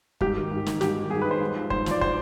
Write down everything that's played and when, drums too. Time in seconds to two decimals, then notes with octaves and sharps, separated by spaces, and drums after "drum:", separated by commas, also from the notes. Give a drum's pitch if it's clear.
0.21 G#2 G4, drum: kick
0.36 D#3
0.51 G#2
0.66 D#3, drum: snare
0.81 G#2 G4, drum: snare
0.96 D#3
1.10 G#2 G#4
1.22 D#3 B4
1.31 C5
1.41 G#2
1.55 F3
1.70 G#2 C5, drum: kick
1.86 F3 D5, drum: snare
2.01 C5, drum: kick